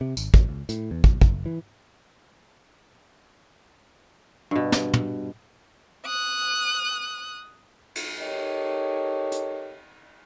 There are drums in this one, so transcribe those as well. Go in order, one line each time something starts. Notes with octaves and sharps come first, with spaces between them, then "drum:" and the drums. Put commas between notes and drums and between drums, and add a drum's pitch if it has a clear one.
C3
G#1, drum: tambourine
A1, drum: kick
C#2
A2, drum: hi-hat
E2
B1, drum: kick
F#1, drum: kick
E3
G2 B2
drum: snare
drum: tom
D#6 F#6
drum: cymbal
D#4 G4 A4 A#4 C#5 D#5
drum: hi-hat